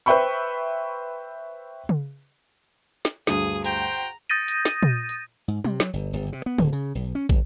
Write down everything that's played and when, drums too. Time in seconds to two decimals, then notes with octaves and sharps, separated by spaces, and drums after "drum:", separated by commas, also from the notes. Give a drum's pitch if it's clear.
0.06 B4 C5 E5 G5 B5 C#6
1.89 drum: tom C#3
3.05 drum: snare
3.27 D2 G2 G#4 D#6, drum: snare
3.64 F#4 C5 G5 A#5, drum: hi-hat
4.29 D#6 G6 A6 A#6 D#7
4.48 drum: hi-hat
4.65 drum: snare
4.83 drum: tom
5.09 drum: tambourine
5.48 G#2
5.64 C3, drum: tom F#3
5.80 F#3, drum: snare
5.93 G1
6.13 G1
6.33 C3
6.46 B3
6.58 D1, drum: tom C#3
6.73 C#3
6.95 B1
7.15 C#4
7.29 G1, drum: kick